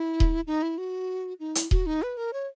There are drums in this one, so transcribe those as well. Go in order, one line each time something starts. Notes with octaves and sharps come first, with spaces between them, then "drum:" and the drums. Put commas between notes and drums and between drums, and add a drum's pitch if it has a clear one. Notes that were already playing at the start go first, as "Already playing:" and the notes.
Already playing: E4
drum: kick D#1
D#4
E4
F#4
D#4
E4, drum: hi-hat
F#4, drum: kick D#1
D#4
B4
A#4
C#5